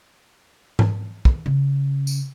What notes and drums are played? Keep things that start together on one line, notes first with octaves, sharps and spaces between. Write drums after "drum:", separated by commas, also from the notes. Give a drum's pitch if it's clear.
drum: tom G#2
drum: kick
C#3
drum: tambourine